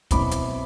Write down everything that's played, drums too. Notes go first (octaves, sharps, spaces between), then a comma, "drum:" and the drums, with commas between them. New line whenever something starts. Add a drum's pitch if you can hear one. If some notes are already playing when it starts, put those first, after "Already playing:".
B2 F#3 C4 E4 B5 D6, drum: kick, hi-hat
drum: hi-hat